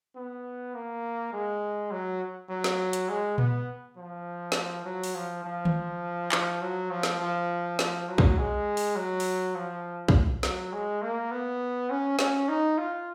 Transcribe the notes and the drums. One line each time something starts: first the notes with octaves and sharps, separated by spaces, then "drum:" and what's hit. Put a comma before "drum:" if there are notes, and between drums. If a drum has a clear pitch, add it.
B3
A#3
G#3
F#3
F#3
drum: snare
drum: hi-hat
G#3
B3, drum: tom A#2
F3
drum: snare
F#3
drum: open hi-hat
F3
F3
drum: tom D#3
F3, drum: clap
F#3
F3
drum: snare
F3
F3, drum: snare
F#3
drum: kick
G#3
drum: open hi-hat
F#3
drum: open hi-hat
F3
drum: kick
F#3, drum: snare
G#3
A#3
B3
C#4
C#4, drum: snare
D#4
F4